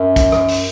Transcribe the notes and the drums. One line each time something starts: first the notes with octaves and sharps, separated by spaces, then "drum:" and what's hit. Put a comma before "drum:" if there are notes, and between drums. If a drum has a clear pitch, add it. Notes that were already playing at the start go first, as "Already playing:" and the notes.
Already playing: F#2
drum: kick, hi-hat
drum: rim click
drum: open hi-hat